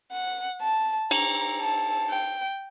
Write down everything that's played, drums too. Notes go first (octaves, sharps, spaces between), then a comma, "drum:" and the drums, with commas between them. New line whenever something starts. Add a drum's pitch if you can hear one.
F#5
A5
A#5, drum: cymbal
A5
G5